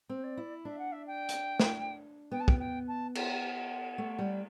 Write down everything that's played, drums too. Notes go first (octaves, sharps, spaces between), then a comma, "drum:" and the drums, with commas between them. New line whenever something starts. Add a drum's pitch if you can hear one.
C4 C5
D5
E4
D4 E5
F#5
E5
G5
drum: hi-hat
drum: snare
B3 G5
A5
G5, drum: kick
G5
A5
F#5, drum: cymbal
A3
G3